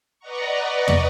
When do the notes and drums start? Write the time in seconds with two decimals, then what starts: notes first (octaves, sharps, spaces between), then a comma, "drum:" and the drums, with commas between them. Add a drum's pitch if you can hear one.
0.19 B4 D5 D#5 F#5 A#5 C#6
0.88 drum: tom